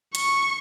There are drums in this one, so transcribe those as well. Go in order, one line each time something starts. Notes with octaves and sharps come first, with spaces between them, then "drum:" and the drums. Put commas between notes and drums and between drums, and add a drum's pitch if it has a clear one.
C#6, drum: hi-hat